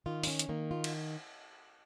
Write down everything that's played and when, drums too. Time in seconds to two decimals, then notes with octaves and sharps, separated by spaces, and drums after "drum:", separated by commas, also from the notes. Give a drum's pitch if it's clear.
0.06 D#3 F4
0.24 D#4, drum: open hi-hat
0.27 C#4
0.39 drum: hi-hat
0.49 D#3 A#3
0.71 F4
0.84 drum: cymbal